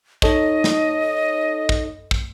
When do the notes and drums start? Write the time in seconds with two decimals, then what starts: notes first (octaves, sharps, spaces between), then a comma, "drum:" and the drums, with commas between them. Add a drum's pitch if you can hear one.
0.22 D#4 A4 C#5 D#5, drum: kick
0.64 drum: snare
1.69 drum: kick
2.11 drum: kick